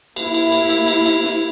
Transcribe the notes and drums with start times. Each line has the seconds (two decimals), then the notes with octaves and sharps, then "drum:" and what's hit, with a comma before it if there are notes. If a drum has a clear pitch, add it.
0.16 A#3 E4, drum: cymbal
0.34 drum: cymbal
0.52 drum: cymbal
0.70 drum: cymbal
0.88 drum: cymbal
1.06 drum: cymbal
1.24 drum: snare